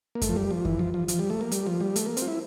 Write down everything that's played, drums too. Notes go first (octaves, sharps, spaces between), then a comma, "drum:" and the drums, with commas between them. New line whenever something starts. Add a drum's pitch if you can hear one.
A#3
A3, drum: kick F#2, hi-hat
F3
G3
F3
E3, drum: kick F#2
F3
F3
F3, drum: hi-hat
G3
A3
A#3
G3, drum: hi-hat
F3
G3
A3, drum: hi-hat
A#3
C4, drum: hi-hat
F4
E4